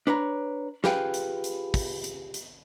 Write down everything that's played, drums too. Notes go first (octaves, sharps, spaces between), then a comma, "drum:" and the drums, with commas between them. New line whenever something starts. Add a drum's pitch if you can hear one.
D4 B4 C#5 A#5
F4 G4 G#4 B4 F5 G5, drum: snare
drum: hi-hat
drum: hi-hat
drum: kick, open hi-hat
drum: hi-hat
drum: hi-hat